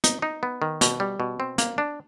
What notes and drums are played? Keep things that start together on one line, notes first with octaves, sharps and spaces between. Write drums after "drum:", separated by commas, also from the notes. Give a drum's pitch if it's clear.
D#4, drum: hi-hat
D#4
B3
D#3
B2, drum: hi-hat
G3
B2
C4
A#3, drum: hi-hat
D4